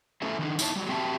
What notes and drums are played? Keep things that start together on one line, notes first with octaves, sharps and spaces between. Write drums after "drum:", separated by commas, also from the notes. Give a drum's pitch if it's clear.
A3 C#4 E4 A4 C5 E5
D#3 D4 D#4
D#4 E4 C#5 A5, drum: tambourine
F#3 G3
C4 F#4 G4 E5 A5